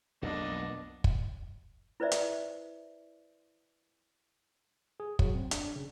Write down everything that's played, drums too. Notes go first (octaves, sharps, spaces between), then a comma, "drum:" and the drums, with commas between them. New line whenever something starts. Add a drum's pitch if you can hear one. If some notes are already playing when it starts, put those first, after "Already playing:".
B1 F2 A#3 B3 D4 D#5
drum: kick
E4 B4 C5 D5 E5
drum: hi-hat
G#4
F#3, drum: kick
C4
D4, drum: hi-hat
C#3